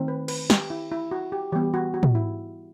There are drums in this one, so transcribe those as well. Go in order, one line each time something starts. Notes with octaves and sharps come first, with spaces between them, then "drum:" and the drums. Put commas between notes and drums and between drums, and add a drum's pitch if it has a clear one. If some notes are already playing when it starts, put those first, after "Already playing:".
Already playing: D#3 A3 C4
B4
B4, drum: cymbal
G4, drum: snare
E4
E4
F#4
G4
E3 G3 B3 G4
F#4
F#4
drum: tom
E4